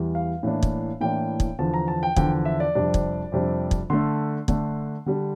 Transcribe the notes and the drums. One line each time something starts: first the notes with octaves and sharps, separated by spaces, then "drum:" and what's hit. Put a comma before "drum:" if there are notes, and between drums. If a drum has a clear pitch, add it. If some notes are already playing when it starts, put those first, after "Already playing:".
Already playing: E2 E3 G3
F5
A2 E3 A#3 D4
drum: kick
A2 E3 A#3 D4 G5
drum: kick
E2 D3 F3 A5
A#5
A5
G5
E2 D3 F3 G5, drum: kick
E5
D5
F2 C3 G3 D4
drum: kick
F2 C3 G3 D4
drum: kick
D3 A3 D4 C6
D3 A3 D4, drum: kick
D3 G3 D4